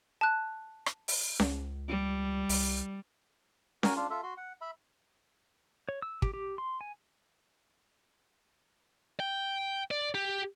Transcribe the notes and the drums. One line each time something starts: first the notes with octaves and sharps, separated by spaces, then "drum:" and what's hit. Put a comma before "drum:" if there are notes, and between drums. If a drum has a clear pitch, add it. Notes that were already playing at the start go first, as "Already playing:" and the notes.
A5 F#6
drum: rim click
drum: open hi-hat
C#2, drum: snare C#4
G3
C2, drum: open hi-hat
F#4 A#4 G#5, drum: snare C#4
D4 F4
F4 A4 E5
F#4 C6
F#5
E5 B5
C#5
E6
G4, drum: kick
G4
C6
G#5
G5
D5
G4